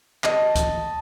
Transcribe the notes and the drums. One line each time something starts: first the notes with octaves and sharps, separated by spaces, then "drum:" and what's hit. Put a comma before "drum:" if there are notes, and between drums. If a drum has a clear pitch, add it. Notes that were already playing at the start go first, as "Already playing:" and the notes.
D#5 A5, drum: clap
drum: kick C#2, hi-hat